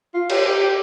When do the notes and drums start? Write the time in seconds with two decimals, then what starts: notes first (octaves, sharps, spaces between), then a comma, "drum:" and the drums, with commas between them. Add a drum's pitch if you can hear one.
0.14 F4
0.30 G4, drum: cymbal
0.45 G4
0.61 G4